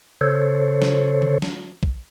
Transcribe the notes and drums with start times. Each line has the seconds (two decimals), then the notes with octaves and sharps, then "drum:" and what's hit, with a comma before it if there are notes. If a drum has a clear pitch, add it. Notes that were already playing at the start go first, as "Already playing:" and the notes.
0.21 C#3 A4 C5 C#5
0.82 drum: snare
1.22 drum: tom D3
1.42 drum: snare
1.83 drum: kick